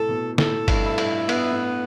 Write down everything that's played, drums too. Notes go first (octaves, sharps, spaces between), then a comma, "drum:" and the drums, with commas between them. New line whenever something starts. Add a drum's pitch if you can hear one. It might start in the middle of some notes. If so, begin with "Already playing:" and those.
Already playing: A2 C3 A4
B2
A2 A4, drum: snare
G2, drum: kick, cymbal
E4
G2, drum: cymbal
G2 B3, drum: cymbal
A2